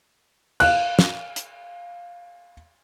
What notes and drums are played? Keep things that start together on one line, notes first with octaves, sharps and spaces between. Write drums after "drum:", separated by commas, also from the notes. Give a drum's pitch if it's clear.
F5 F#6, drum: cymbal
drum: snare
drum: hi-hat